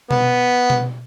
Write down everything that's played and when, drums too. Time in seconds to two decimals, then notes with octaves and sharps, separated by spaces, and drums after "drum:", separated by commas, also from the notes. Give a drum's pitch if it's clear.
0.11 B3, drum: tom B2
0.70 drum: tom B2